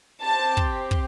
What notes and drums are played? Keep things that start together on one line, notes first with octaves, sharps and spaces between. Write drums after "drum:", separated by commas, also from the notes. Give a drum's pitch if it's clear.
C4 G4 A5
drum: kick
drum: kick